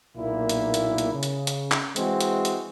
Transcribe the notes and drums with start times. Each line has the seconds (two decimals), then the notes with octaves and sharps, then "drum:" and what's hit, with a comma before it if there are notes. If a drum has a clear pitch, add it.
0.16 B1 A#2 A#3 E4
0.49 drum: hi-hat
0.74 drum: hi-hat
0.98 drum: hi-hat
1.12 C#3
1.23 drum: hi-hat
1.47 drum: hi-hat
1.72 drum: clap
1.96 E3 G#3 C4 F#4, drum: hi-hat
2.20 drum: hi-hat
2.45 drum: hi-hat